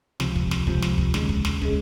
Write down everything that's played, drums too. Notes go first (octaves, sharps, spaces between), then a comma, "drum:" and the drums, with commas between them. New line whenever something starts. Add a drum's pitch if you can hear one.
C#2 C3 F3, drum: snare
drum: kick
drum: snare
C#2 C3 F3, drum: kick
drum: snare
drum: kick
D#2 C#3 G#3, drum: snare
drum: kick
drum: snare
C#3 G#3, drum: kick